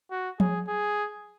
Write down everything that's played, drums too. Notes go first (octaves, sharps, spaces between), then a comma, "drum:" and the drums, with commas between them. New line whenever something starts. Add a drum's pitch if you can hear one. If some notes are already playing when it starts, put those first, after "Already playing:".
F#4
G#4, drum: tom F3
G#4